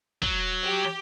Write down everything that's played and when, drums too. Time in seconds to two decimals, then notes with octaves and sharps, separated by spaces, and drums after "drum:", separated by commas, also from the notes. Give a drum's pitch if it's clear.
0.22 F#3, drum: kick
0.63 G4